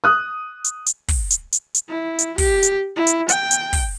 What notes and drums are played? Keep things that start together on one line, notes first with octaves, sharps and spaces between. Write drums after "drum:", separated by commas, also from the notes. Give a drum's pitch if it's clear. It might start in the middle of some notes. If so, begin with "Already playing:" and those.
D#6 F#6
drum: hi-hat
drum: hi-hat
drum: kick, open hi-hat
drum: hi-hat
drum: hi-hat
drum: hi-hat
E4
drum: hi-hat
G4, drum: kick, open hi-hat
drum: hi-hat
E4
drum: hi-hat
G5, drum: hi-hat
drum: hi-hat
drum: kick, open hi-hat